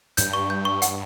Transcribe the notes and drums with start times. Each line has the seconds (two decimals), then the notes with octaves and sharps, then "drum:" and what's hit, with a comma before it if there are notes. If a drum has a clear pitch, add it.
0.17 G2 G6, drum: hi-hat
0.33 C#6
0.50 G6
0.65 C#6
0.82 F#5, drum: hi-hat